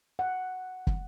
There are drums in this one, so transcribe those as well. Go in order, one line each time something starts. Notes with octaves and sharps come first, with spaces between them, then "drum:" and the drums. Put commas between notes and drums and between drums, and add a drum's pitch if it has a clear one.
F#5
drum: kick